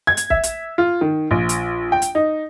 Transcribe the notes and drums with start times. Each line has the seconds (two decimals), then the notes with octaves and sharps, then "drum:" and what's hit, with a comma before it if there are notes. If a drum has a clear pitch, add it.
0.07 G#6
0.17 drum: hi-hat
0.30 E5, drum: kick
0.43 drum: hi-hat
0.78 F4
1.01 D#3
1.31 A#1
1.49 drum: hi-hat
1.92 G5
2.02 drum: hi-hat
2.15 D#4